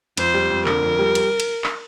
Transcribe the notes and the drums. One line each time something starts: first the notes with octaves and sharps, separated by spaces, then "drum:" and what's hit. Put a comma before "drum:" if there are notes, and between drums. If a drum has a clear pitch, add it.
F2 C5, drum: cymbal
G3
F2
D3 A#4, drum: clap
F2
G3
drum: cymbal
drum: cymbal
drum: clap